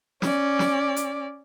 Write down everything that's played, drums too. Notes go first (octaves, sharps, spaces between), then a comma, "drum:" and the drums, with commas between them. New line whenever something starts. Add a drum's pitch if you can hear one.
C#4 D5, drum: snare
drum: snare
drum: hi-hat